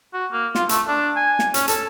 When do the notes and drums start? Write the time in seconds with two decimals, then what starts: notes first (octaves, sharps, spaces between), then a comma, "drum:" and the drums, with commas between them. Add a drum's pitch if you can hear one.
0.13 F#4
0.32 A#3
0.55 F4, drum: snare
0.69 A3, drum: hi-hat
0.88 D4
1.16 G#5
1.39 drum: snare
1.54 C#4, drum: hi-hat
1.68 A4, drum: hi-hat